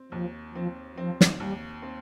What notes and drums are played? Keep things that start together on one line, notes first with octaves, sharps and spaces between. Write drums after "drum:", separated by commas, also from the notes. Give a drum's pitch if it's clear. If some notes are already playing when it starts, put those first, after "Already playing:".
Already playing: C4
D#2 F3
F3 C4
F3 C4
drum: snare
D#2 G3
C4